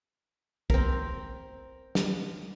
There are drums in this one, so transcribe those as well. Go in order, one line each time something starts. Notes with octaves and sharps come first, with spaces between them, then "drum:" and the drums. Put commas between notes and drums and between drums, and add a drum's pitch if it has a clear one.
C4 A#4, drum: kick
drum: snare